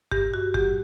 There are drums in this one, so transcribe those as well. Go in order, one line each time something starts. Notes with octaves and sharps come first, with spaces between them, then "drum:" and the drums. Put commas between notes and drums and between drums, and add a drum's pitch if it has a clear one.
G2 G4, drum: kick
F#4
F#3 G4, drum: kick